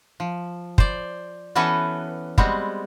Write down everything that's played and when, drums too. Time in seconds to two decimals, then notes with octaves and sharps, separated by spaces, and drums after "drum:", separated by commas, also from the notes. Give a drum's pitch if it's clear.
0.20 F3
0.78 C5 D5, drum: kick
1.55 E3 B3 C#4 F#4 A4 B4
2.38 G3 G#3 B3 C4 F#4, drum: kick